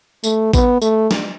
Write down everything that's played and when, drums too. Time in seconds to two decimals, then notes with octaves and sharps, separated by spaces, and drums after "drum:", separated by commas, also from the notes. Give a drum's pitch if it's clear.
0.24 A3, drum: tambourine
0.54 B3, drum: kick A1, tambourine
0.82 A3, drum: tambourine
1.11 drum: snare